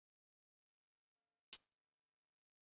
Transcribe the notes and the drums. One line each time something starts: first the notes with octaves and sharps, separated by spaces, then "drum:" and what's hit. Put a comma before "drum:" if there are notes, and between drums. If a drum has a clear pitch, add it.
A#4
D3 F5
E4, drum: hi-hat